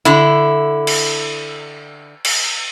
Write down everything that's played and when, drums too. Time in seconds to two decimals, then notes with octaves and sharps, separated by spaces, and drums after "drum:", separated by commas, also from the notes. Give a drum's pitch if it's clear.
0.05 D3 E4, drum: hi-hat
0.87 drum: cymbal
2.25 drum: cymbal